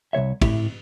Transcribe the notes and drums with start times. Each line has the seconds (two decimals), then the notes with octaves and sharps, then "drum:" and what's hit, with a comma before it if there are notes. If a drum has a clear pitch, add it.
0.13 C2 E3 C#5 E5
0.41 A2 A3 E4 G4, drum: kick, cymbal